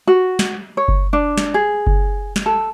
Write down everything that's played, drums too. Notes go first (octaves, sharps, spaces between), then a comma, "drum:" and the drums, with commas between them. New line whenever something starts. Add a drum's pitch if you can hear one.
F#4
drum: snare
C#5
drum: kick F#1
D4
drum: snare
G#4
drum: kick F#1
drum: snare
A4